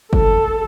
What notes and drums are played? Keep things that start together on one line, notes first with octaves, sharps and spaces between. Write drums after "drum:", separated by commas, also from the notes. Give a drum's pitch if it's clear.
A4, drum: kick G1